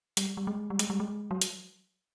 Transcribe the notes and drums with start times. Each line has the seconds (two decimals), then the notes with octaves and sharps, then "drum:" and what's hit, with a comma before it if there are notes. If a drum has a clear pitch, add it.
0.17 G3, drum: hi-hat
0.37 G3
0.47 G#3
0.70 G3
0.79 G#3, drum: hi-hat
0.90 G3
1.00 G#3
1.31 F#3
1.41 drum: hi-hat